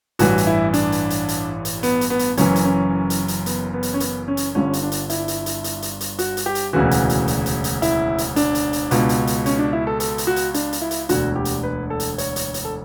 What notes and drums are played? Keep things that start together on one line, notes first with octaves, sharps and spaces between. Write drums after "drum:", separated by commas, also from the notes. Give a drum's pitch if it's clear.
A1 G2 E3 F#4, drum: hi-hat
drum: hi-hat
E4
D4, drum: hi-hat
drum: hi-hat
drum: hi-hat
drum: hi-hat
drum: hi-hat
B3, drum: hi-hat
drum: hi-hat
B3
drum: hi-hat
F#1 F#2 E3 C#4, drum: hi-hat
drum: hi-hat
C#4
drum: hi-hat
drum: hi-hat
B3, drum: hi-hat
B3
drum: hi-hat
C#4
B3, drum: hi-hat
C#4
drum: hi-hat
G1 G2 D3 C#4
drum: hi-hat
D4
drum: hi-hat
E4, drum: hi-hat
drum: hi-hat
drum: hi-hat
drum: hi-hat
drum: hi-hat
drum: hi-hat
F#4, drum: hi-hat
drum: hi-hat
G4
drum: hi-hat
E1 D2 C#3 E3 F#4
drum: hi-hat
drum: hi-hat
drum: hi-hat
drum: hi-hat
drum: hi-hat
E4, drum: hi-hat
drum: hi-hat
D4, drum: hi-hat
drum: hi-hat
drum: hi-hat
C#2 B2, drum: hi-hat
drum: hi-hat
drum: hi-hat
C#4, drum: hi-hat
D4
E4
A4
A4, drum: hi-hat
drum: hi-hat
F#4
drum: hi-hat
D4, drum: hi-hat
drum: hi-hat
E4
drum: hi-hat
E1 D2 D3 F#4, drum: hi-hat
G4
drum: hi-hat
B4
A4
drum: hi-hat
C#5, drum: hi-hat
drum: hi-hat
drum: hi-hat
A4